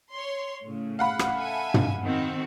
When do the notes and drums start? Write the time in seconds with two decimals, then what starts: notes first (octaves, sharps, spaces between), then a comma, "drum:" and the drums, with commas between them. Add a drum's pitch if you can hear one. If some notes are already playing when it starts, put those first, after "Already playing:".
0.12 C#5 C6
0.64 A2 C#3
0.99 F5 F#5 B5
1.19 drum: rim click
1.35 A4 E5 G#5
1.74 drum: tom
2.03 D#3 C4 F#4